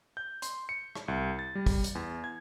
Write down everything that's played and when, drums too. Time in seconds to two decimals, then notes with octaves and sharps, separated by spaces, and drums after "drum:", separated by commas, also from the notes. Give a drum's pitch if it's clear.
0.17 G6
0.42 C6, drum: hi-hat
0.69 C#7
0.96 drum: rim click
1.08 C2
1.39 A6
1.55 G3
1.66 drum: kick, open hi-hat
1.84 drum: hi-hat
1.95 E2
2.24 G#6